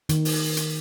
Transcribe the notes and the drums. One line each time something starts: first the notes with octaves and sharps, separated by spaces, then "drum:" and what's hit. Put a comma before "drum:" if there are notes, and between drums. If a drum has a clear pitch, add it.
D#3, drum: hi-hat
drum: open hi-hat
drum: hi-hat